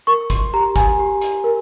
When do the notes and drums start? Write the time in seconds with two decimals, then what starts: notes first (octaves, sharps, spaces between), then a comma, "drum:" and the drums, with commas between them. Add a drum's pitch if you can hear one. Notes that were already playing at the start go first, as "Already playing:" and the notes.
0.07 A#4 C#6
0.30 C6, drum: kick, hi-hat
0.54 G4 A#5
0.76 G#5, drum: kick, hi-hat
0.99 G4
1.21 drum: hi-hat
1.44 A#4